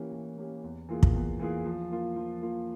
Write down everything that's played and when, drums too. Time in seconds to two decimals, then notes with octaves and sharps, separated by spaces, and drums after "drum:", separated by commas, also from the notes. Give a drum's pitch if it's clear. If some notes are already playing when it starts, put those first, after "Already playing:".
Already playing: E3 A#3 C#4 G4
0.12 E3
0.38 A#3 C#4 G4
0.63 E2
0.89 E3 A#3 F4 G#4
1.03 drum: kick
1.14 E2
1.40 E3 A#3 F4 G#4
1.65 F3
1.91 A#3 F4
2.16 F3
2.42 A#3 F4